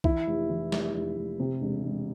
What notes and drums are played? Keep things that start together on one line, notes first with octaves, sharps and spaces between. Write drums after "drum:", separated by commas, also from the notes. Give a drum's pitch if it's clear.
E3 E4, drum: kick B1
F1
E3
F1, drum: snare
F1
F1
C3
E1
E1